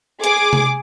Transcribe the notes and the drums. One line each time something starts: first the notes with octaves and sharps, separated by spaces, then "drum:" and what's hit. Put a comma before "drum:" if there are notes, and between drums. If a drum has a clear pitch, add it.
G#4 D6, drum: hi-hat
drum: tom C3